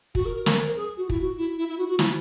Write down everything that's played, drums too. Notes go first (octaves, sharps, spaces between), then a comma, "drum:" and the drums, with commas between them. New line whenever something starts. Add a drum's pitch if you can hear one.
F#4, drum: kick
A#4
A#4
A#4, drum: snare
A#4
G#4
F#4
E4, drum: kick
F#4
E4
E4
E4
F#4
F#4
E4, drum: snare